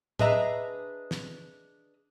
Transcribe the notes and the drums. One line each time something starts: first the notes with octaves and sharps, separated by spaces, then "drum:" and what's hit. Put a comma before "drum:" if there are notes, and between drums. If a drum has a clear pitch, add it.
D4 G#4 B4 D#5 E5 A#5, drum: tom A2
drum: snare